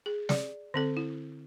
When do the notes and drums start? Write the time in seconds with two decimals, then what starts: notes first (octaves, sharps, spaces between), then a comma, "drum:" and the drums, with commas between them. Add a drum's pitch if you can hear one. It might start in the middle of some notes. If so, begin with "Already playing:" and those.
0.06 G#4
0.29 D5, drum: snare
0.74 D3 C4 A4
0.97 E4